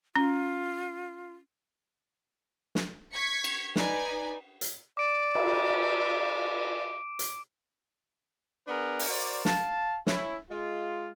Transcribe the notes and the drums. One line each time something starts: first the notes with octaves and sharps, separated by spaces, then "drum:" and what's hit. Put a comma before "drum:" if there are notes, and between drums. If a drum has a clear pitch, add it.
C#4 F4
drum: snare
C#6 G#6 B6 C#7
drum: cymbal
D#4 B4 D5 G#5, drum: snare
drum: hi-hat
D5 D6 D7
drum: cymbal
drum: hi-hat
B3 D4 G#4 A#4 B4
drum: open hi-hat
F#4 A#4 C5 D5
F5 A5, drum: snare
C#4 E4, drum: snare
G#3 F4